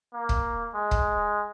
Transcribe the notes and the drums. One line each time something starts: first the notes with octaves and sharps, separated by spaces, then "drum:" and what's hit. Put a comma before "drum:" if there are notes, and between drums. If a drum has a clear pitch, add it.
A#3
drum: kick
G#3
drum: kick